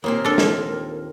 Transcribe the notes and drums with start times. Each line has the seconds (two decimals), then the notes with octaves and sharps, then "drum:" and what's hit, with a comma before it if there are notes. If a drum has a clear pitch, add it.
0.04 D#2 A#2 C4 A#4
0.25 D4 A4
0.38 drum: snare